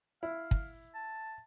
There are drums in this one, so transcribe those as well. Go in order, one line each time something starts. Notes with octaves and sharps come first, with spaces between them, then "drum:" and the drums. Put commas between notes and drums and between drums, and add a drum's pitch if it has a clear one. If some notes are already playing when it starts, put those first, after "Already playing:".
E4 F5
drum: kick
A5